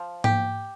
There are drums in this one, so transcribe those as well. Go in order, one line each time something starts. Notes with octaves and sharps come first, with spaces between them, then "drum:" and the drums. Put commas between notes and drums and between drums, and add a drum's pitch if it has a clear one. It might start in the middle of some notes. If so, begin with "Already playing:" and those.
Already playing: F3
G4, drum: tom G#2